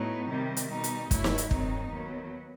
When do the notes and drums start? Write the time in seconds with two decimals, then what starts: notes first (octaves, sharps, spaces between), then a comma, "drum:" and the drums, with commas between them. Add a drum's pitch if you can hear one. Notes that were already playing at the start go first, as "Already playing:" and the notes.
Already playing: A2 F#3 B3 D#4
0.29 C3 D#3 G3
0.57 drum: hi-hat
0.71 B2 G3 D#4
0.84 drum: hi-hat
1.11 G2 F#3 A3 E4, drum: kick, hi-hat
1.24 drum: snare
1.38 drum: hi-hat
1.51 G2 D#3 F#3 C4 D#4, drum: kick
1.92 D#2 D#3 F#3 B3